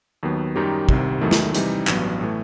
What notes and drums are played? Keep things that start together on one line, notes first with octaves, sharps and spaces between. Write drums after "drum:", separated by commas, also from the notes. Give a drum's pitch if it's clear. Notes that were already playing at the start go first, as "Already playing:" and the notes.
D#2 D#3 F#3 B3
F#2 D#3 G3 D#4 G4
C2 C3 D#3, drum: kick
E2 D#3 F#3 A3 E4
drum: snare
C3 E3 G3 D#4, drum: hi-hat
A1 G2 F#3 B3, drum: clap
A2 E3 A3